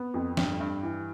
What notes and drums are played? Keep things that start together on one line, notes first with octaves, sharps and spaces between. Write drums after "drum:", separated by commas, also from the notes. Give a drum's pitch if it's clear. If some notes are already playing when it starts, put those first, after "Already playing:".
Already playing: B3
F2
G2, drum: snare
G2
E3